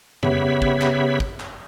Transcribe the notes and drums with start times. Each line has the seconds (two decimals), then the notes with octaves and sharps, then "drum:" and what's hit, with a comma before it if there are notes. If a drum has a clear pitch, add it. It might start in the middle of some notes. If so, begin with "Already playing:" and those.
0.23 C#3 B3 G4 C#5 E5 B5, drum: tom F2
0.62 drum: kick
0.81 drum: clap
1.20 drum: kick
1.40 drum: clap